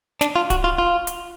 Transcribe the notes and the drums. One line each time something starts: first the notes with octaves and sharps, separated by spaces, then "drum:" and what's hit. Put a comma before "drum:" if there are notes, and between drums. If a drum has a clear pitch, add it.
D4, drum: snare
F4
F#4, drum: kick D1, hi-hat
F4
F4
drum: hi-hat